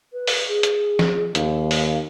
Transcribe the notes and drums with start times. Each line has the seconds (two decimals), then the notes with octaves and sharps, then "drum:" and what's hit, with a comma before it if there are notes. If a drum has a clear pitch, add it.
0.13 B4
0.27 drum: open hi-hat
0.48 G#4
0.63 drum: hi-hat
0.99 drum: snare
1.35 D#2 F5, drum: hi-hat
1.71 drum: open hi-hat